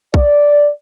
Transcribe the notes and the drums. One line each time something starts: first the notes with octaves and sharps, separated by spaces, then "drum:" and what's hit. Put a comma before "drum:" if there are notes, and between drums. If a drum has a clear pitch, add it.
D5, drum: kick B1